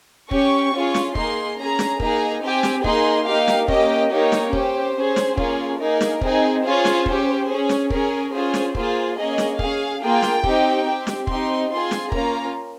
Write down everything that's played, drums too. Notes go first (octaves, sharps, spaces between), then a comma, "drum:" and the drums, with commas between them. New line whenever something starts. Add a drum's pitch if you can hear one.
C#4 G4 C#6, drum: kick
C#4 F4 G#4
drum: snare
A#3 D#4 G#4 C6, drum: kick
C#4 G#4 A#5
drum: snare
A#3 D#4 G#4 A#5, drum: kick
C4 G4 G#5
drum: snare
A#3 D#4 G#4 C6, drum: kick
A#3 D#4 G4 F5
drum: snare
A#3 C#4 G4 D#5, drum: kick
A#3 D#4 G4 C#5
drum: snare
C#4 G4 C5, drum: kick
C#4 G#4
drum: snare
A#3 C#4 F4 G#4, drum: kick
A#3 D#4 G#4 A#4
drum: snare
C4 D#4 G#4, drum: kick
C#4 F4 G#4 C5
drum: snare
C#4 G4, drum: kick
C#4 G#4
drum: snare
C#4 G#4 A#4, drum: kick
C#4 F4 G#4 C5
drum: snare
A#3 F4 G#4 C5, drum: kick
A#3 C#4 G#4 D#5
drum: snare
C#4 G#4 F5, drum: kick
A#3 F4 G#4 G5
drum: snare
C4 D#4 G4, drum: kick
C4 G4
drum: snare
C4 D#4 G4 C6, drum: kick
C4 F4 G#4 C6
drum: snare
A#3 C#4 F4 A#5, drum: kick